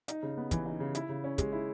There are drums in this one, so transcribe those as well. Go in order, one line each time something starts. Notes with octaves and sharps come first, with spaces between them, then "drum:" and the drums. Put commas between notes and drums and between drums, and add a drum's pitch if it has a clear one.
D#4, drum: hi-hat
C#3
B3
E3, drum: kick, hi-hat
D#4
C#3
E4, drum: hi-hat
C#3
C#4
G#3, drum: kick, hi-hat
E4